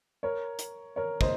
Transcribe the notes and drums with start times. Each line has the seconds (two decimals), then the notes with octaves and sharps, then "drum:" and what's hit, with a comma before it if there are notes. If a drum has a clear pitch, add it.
0.23 A#4 C#5
0.59 drum: hi-hat
0.96 A#4 C#5
1.21 C5 D#5, drum: kick